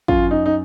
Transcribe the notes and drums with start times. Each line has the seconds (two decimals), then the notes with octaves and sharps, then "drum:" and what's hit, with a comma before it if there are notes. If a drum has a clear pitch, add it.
0.08 F#2 F4, drum: kick
0.31 D#4
0.46 D#4